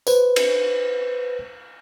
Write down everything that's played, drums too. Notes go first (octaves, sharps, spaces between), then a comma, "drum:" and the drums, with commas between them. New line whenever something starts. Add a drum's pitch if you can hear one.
B4 C5, drum: tambourine
drum: cymbal